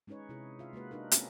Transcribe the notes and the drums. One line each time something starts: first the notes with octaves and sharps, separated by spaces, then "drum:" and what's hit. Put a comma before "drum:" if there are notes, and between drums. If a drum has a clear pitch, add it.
G#3 C#4 D#4 B4 C#5
C3 E4 G#4
F4 E5 F5
G#3 A#3 F#4 B4
D4 D#4 A#4 B4
A#3 C4 C#4 F#4, drum: hi-hat